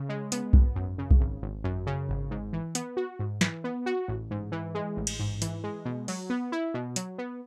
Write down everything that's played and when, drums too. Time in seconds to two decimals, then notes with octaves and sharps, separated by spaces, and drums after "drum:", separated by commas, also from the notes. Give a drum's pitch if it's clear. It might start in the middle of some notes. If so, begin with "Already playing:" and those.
Already playing: C#3
0.09 G#3
0.32 B3, drum: hi-hat
0.53 G#1, drum: kick B1
0.75 F#2
0.98 C#3
1.11 drum: kick B1
1.20 G#1
1.42 G#1
1.64 F#2
1.87 C#3
2.09 G#1
2.31 G#2
2.53 E3
2.75 B3, drum: hi-hat
2.97 F#4
3.19 G#2
3.41 E3, drum: snare
3.64 B3
3.86 F#4
4.08 A1
4.31 G#2
4.52 E3
4.75 G#3
4.97 A1
5.07 drum: cymbal
5.20 G#2
5.42 E3, drum: hi-hat
5.64 G#3
5.85 B2
6.08 F#3, drum: open hi-hat
6.30 B3
6.52 E4
6.74 B2
6.96 F#3, drum: hi-hat
7.18 B3